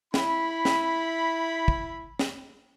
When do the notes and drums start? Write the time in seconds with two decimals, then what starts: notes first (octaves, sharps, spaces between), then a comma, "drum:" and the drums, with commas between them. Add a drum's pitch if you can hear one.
0.14 E4 B5, drum: snare
0.65 drum: snare
1.68 drum: kick
2.19 drum: snare